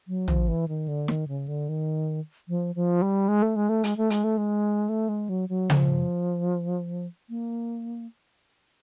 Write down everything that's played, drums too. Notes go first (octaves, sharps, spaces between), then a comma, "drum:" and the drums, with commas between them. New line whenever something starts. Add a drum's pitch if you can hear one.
F#3
F3, drum: tom
E3
D#3
D3
D#3, drum: snare
C#3
D3
D#3
F3
F3
G3
G#3
A3
G#3
A3
G#3, drum: hi-hat
A3
G#3, drum: hi-hat
A3
G#3
A3
G#3
F#3
F#3
F3, drum: tom C#3
A#3